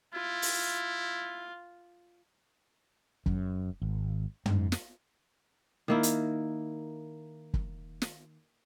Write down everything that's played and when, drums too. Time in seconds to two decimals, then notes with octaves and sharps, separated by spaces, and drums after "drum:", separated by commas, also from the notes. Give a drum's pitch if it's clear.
0.14 E4 F4
0.42 drum: open hi-hat
3.26 F#2, drum: kick
3.82 G#1
4.46 G#2, drum: tom
4.72 drum: snare
5.88 D#3 A#3 E4
6.03 drum: hi-hat
7.54 drum: kick
8.02 drum: snare